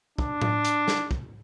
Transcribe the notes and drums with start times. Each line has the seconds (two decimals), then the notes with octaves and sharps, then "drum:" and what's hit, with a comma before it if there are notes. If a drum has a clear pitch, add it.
0.18 D4, drum: kick
0.42 drum: tom A2
0.65 drum: hi-hat
0.88 drum: snare
1.11 drum: kick